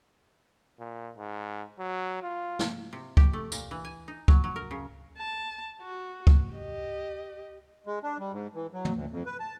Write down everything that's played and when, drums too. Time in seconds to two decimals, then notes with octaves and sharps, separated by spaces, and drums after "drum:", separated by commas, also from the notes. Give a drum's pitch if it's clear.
0.79 A#2
1.17 G#2
1.79 F#3
2.23 F4
2.59 drum: snare
2.93 C3
3.17 G4, drum: kick C#2
3.33 A3
3.52 A#2, drum: tambourine
3.71 E3
3.85 G#5
4.08 D#4
4.28 F#3, drum: kick C#2
4.44 F#3
4.56 A#4
4.71 C#3
5.18 A5
5.82 F#4
6.27 drum: kick C#2
6.52 G4 D#5
7.86 G#3
8.03 D4
8.20 G3
8.32 G#2
8.55 E3
8.73 F#3
8.85 drum: tom
8.95 D2
9.11 F2
9.26 B4
9.40 A5